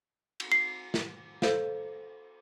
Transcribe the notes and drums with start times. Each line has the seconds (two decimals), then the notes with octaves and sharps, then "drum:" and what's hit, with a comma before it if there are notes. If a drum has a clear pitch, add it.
0.40 drum: cymbal
0.52 C7
0.94 drum: snare
1.42 A4 C5 F5, drum: snare